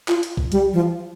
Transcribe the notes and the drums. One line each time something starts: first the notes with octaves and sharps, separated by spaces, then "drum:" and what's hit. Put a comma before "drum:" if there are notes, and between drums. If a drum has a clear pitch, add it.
F4, drum: clap
drum: hi-hat
drum: kick
G3, drum: hi-hat
F3